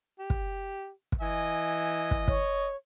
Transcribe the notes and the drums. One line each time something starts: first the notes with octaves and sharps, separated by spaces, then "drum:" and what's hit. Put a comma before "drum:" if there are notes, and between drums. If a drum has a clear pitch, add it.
G4
drum: kick
drum: kick
E3 D#5 G#5
drum: kick
C#5, drum: kick